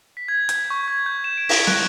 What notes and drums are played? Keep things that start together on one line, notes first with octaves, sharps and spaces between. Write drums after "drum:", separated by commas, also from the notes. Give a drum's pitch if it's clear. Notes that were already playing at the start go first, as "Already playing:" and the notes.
B6
G#6
G6, drum: hi-hat
C#6
G#6
G6
E7
D7
B6, drum: open hi-hat
F#6, drum: snare